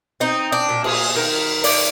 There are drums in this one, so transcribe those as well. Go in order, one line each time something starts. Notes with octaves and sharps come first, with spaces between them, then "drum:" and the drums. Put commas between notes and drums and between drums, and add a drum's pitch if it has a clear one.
C4 D#4
D4
A#2
G#4, drum: cymbal
D#3 A#4
A#3 D5, drum: open hi-hat